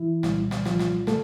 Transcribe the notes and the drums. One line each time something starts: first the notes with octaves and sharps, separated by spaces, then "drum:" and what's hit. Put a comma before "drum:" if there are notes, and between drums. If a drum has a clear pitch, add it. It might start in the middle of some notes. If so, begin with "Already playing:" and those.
Already playing: E3 E4
C2 A#2 G3, drum: snare
drum: snare
F3 F4, drum: snare
drum: snare
A3 A4, drum: snare